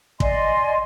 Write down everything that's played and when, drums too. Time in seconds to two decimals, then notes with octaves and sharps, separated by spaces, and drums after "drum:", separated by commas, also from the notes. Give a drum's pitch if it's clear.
0.20 D5 D#5 G#5 C6, drum: kick